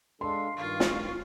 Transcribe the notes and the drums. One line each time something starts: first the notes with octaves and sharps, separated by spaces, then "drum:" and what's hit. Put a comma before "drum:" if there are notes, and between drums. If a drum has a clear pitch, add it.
G#3 D4 A4 F5 C6
G2 D#3 F4 F5 C#6
drum: snare